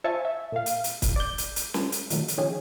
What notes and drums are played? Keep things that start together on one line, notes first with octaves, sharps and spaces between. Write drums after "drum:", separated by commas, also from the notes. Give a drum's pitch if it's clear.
F4 C5 E5 G#5 A5 C#6
E5
A#2 F5
drum: hi-hat
drum: hi-hat
drum: kick, hi-hat
D5 G6
drum: hi-hat
drum: hi-hat
drum: snare
drum: hi-hat
A#2 D#3 F#3 A3, drum: hi-hat
drum: hi-hat
D#3 F3 C#4 G4 G#4